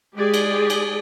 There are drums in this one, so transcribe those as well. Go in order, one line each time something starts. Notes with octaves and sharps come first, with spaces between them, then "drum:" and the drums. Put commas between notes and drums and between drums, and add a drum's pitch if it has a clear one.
G#3 G4 G#4 D5
drum: cymbal
drum: cymbal